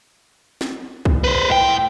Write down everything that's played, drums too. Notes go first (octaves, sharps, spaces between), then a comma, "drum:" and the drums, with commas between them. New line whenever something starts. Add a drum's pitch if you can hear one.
drum: snare
drum: kick
B4 C5
A2 G5